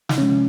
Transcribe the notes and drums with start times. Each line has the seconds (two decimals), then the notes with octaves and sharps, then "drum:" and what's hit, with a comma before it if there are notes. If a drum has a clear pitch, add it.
0.09 D#4, drum: snare
0.18 C3 F3 G#3 C#4